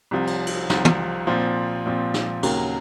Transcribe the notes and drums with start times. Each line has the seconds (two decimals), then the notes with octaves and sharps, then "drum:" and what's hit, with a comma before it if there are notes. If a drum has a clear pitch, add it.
0.11 C2 C3 F3
0.27 drum: cymbal
0.47 drum: cymbal
0.70 C2 C3 F3, drum: snare
0.85 drum: tom
1.27 A#2 F3 C4
1.86 A#2 F3 C4
2.14 drum: snare
2.43 D#2 C#3 F#3 A#3, drum: cymbal